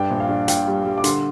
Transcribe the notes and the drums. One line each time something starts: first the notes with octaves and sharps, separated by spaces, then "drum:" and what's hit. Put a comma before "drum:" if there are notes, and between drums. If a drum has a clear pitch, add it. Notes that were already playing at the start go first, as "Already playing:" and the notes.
Already playing: G2 D4 G5
A#1
F5
D4
A#2 G5, drum: hi-hat
G3
G3
D6
D3 C6, drum: hi-hat